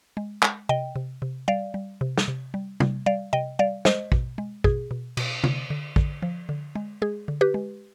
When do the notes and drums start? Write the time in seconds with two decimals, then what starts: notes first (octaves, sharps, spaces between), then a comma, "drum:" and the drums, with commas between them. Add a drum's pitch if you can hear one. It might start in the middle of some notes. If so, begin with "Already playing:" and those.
0.17 G#3
0.43 G#3, drum: clap
0.69 C3 D#5 G5
0.96 C3
1.22 C3
1.48 G3 D5 F5
1.74 G3
2.01 C3
2.18 drum: snare
2.28 C3
2.54 G3
2.80 G3, drum: tom C3
3.06 G3 D5 F5
3.33 C3 D#5 G5
3.59 G3 D5 F5
3.85 G#3 C5 D#5, drum: snare
4.12 B2, drum: kick
4.38 G#3
4.64 B2 G#4, drum: kick
4.91 B2
5.17 B2, drum: cymbal
5.44 D3, drum: tom C3
5.70 D3
5.96 D3, drum: kick
6.22 F3
6.49 D3
6.75 G#3
7.02 G#3 G#4
7.28 D3
7.41 G4 B4
7.54 G#3